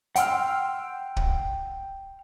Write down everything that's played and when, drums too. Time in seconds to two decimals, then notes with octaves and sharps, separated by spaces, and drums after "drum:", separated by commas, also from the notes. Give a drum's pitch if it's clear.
0.16 F#5 G5 C6 E6 F6, drum: hi-hat
1.16 drum: kick